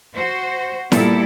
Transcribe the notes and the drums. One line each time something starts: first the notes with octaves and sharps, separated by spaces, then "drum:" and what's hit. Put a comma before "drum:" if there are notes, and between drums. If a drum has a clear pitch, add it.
F#4 C5
A#2 G3 A#3 B3 E4 A4, drum: snare E4